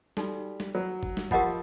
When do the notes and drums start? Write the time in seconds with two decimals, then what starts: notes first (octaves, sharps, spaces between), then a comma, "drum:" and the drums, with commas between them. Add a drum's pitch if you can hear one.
0.17 G3 D#4 F#4 A4, drum: snare
0.60 drum: snare
0.75 F#3
1.03 drum: kick
1.17 drum: snare
1.31 F3 G4 A#4 D#5 F#5 B5, drum: kick